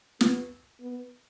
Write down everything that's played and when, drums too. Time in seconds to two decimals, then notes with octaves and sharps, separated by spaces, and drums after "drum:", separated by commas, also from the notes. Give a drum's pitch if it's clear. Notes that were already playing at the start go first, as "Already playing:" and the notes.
0.21 B3, drum: snare
0.80 B3